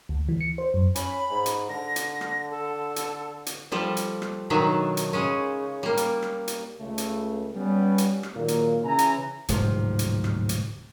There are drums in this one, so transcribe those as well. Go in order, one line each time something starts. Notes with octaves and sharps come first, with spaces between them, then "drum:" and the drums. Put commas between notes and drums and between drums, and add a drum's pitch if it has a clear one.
D2
E3
C#7
C5
F#2
C#4 B5, drum: hi-hat
G#2
drum: hi-hat
D3 A#6
drum: hi-hat
drum: rim click
A4
drum: hi-hat
drum: hi-hat
F3 G3 A4
drum: hi-hat
drum: rim click
B2 D#3 F#3 D4 D#4 E5
drum: hi-hat
C#3 G#3 C#4
G3 A#3
drum: hi-hat
drum: rim click
drum: hi-hat
C#2 C#3 A3
drum: hi-hat
G3 B3 C#4
drum: hi-hat
drum: rim click
A#2 D#3 F#3 G#3 A#3
drum: hi-hat
C#3 E3 G#5 A#5
drum: hi-hat
D1 G#2 C3 F3, drum: hi-hat
drum: hi-hat
drum: rim click
drum: hi-hat